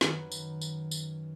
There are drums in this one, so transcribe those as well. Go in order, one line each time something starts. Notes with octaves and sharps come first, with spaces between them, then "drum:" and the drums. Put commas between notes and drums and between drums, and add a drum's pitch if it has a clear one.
F#2 D#3 B4, drum: snare
drum: tambourine
drum: tambourine
drum: tambourine